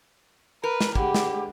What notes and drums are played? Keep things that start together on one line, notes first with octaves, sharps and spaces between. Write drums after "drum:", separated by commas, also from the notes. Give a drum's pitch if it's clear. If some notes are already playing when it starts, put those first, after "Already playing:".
A#4 B4
drum: snare
D3 G4 G#4 F#5 B5, drum: kick
drum: snare